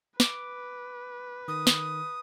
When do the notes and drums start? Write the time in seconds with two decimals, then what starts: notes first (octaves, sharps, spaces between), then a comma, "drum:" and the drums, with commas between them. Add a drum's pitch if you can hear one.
0.20 B4 D6, drum: snare
1.48 D#3 D#6
1.67 drum: snare